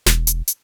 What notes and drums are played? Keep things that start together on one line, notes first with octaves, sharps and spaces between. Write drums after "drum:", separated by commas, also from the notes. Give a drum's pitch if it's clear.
E1, drum: snare
drum: hi-hat
drum: hi-hat